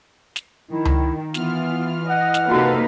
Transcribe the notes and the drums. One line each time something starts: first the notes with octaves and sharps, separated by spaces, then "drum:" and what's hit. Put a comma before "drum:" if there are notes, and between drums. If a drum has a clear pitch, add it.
drum: snare
D#3 E4
drum: tom C#2
E3 B3 F4 F6, drum: snare
D#5 F#5
drum: snare
C3 A#3 D#4 F4 F#4 A4 B4 F5